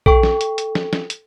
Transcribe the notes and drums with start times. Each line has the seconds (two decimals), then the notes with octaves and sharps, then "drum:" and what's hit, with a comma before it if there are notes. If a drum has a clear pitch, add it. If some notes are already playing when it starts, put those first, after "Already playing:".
0.06 A4 G5 C#6, drum: kick A#1
0.23 drum: snare
0.41 drum: hi-hat
0.58 drum: hi-hat
0.75 drum: snare
0.93 drum: snare
1.10 drum: hi-hat